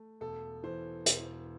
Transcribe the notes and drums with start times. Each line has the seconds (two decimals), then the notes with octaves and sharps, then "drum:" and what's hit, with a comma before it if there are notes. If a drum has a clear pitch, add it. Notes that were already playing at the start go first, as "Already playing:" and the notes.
Already playing: A3
0.21 E1 A4
0.63 E3 C5
1.06 E1, drum: hi-hat